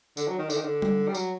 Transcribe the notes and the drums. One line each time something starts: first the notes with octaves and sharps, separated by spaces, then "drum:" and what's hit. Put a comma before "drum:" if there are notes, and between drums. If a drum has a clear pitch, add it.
D3, drum: tambourine
F#3
D#3
D3, drum: tambourine
D#3
D3
drum: tom G3
G3
F#3, drum: tambourine